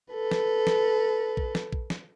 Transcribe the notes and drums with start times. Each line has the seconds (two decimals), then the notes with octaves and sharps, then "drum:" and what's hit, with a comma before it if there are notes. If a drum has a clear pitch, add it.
0.14 A4 B4
0.31 drum: snare
0.67 drum: snare
1.37 drum: kick A#1
1.55 drum: snare
1.73 drum: kick A#1
1.90 drum: snare